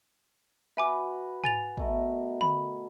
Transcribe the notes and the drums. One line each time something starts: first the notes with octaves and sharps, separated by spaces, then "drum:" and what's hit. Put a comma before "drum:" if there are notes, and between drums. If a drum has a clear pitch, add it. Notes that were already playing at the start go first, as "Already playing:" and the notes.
F#4 B4 E5 G#5 D6
G#5 A6 F7, drum: tom G#2
B2 A3 A#4, drum: kick
B5, drum: tom D3